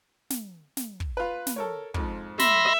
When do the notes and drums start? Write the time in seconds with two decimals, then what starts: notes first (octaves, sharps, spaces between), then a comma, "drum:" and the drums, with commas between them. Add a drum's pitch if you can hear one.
0.30 drum: snare
0.77 drum: snare
1.00 drum: kick
1.17 F4 B4
1.47 drum: snare
1.56 A4 A#4 C#5
1.94 F2 G#2 F3, drum: kick
2.39 E5 B5 C6 A#6, drum: snare